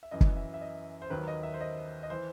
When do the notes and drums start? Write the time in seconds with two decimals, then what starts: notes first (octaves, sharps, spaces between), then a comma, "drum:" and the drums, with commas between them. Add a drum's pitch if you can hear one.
0.03 E5
0.11 F#2 E3 D#5
0.21 drum: kick
0.37 E5
0.54 E5
0.61 D#5
1.02 C5
1.10 D#2 D#3 F#3 B4
1.28 D#5
1.43 E5
1.54 C5
1.61 D#5
2.03 D#5
2.10 E3 C5